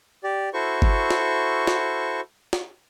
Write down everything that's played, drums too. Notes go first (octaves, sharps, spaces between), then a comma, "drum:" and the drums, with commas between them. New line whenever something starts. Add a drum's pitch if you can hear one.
G4 D5
E4 F#4 A4 C5 C#6
drum: kick G1
drum: snare
drum: snare
drum: snare